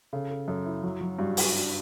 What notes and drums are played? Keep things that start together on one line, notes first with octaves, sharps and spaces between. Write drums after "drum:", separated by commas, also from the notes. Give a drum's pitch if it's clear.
C#3 A4
A4
F#2 A4
E4
F#3
F#3
G2 F#4
F#4, drum: open hi-hat
D4